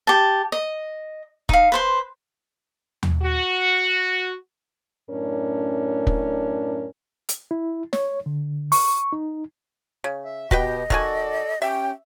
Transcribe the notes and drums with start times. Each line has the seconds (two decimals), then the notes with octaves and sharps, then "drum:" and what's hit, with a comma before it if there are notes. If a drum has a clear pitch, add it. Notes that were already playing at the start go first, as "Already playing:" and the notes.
0.07 G4 A5
0.52 D#5
1.49 D#4 F5, drum: kick
1.72 B4 C5 C6
3.03 drum: tom
3.23 F#4
5.09 F#2 A2 C#4 D4 A#4
6.07 drum: kick
7.29 drum: hi-hat
7.51 E4
7.93 C#5, drum: snare
8.26 D3
8.72 C#6, drum: open hi-hat
9.13 D#4
10.04 C#3
10.25 E5
10.51 B2 B3 F#4 G4 B4 D#5 G5, drum: kick
10.90 D#3 F#4 A4 D5 G#5, drum: kick
11.62 C#4 G4 E5 G5